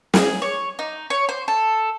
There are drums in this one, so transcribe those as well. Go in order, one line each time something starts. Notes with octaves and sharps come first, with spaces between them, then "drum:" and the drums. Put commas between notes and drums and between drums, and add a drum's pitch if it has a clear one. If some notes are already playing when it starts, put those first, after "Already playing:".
G#4, drum: snare
C#5
D#4
C#5
C5
A4